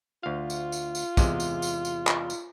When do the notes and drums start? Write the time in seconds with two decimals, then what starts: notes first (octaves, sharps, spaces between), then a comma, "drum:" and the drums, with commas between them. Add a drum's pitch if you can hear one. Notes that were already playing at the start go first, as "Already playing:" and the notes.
0.23 D2 F4 F5
0.50 drum: tambourine
0.72 drum: tambourine
0.95 drum: tambourine
1.17 E2 C3 G#3, drum: kick, tambourine
1.40 drum: tambourine
1.62 drum: tambourine
1.85 drum: tambourine
2.07 drum: clap
2.30 drum: tambourine